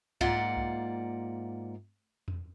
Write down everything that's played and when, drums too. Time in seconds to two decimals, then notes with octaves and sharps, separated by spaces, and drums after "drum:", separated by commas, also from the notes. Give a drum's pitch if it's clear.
0.21 G#2 A#3 F4 D5 F#5, drum: kick C2
0.57 drum: kick C2
2.28 drum: tom E2